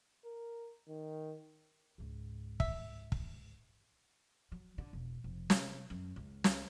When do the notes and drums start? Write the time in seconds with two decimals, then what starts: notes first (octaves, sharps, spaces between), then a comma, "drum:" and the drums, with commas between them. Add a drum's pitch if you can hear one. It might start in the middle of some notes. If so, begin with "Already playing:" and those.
0.25 A#4
0.88 D#3
1.98 C#2 G#2
2.60 E5, drum: kick
3.12 drum: kick
4.52 F#3
4.78 D3
4.93 E1
5.24 F1
5.50 C3, drum: snare
5.90 F#2
6.16 C#2
6.44 drum: snare